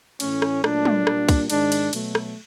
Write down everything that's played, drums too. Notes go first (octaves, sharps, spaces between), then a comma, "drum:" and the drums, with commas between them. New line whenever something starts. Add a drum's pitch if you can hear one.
A2 E3 A3 C#4, drum: cymbal
drum: rim click
A#2 F#3 A3 D4, drum: rim click
drum: tom
A#2 G3 A#3, drum: rim click
drum: kick, cymbal
G#2 D#3 G#3 D4, drum: cymbal
drum: cymbal
B2 F#3 A3, drum: cymbal
drum: rim click